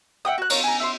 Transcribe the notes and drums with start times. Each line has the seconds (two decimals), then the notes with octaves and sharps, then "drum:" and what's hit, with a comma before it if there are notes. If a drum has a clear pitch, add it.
0.25 E5 F#5 G5 D#6
0.38 F#4 F#6
0.50 F4 A#4 C#5 F5, drum: cymbal
0.64 G#5 A#5
0.80 E5 B5 C6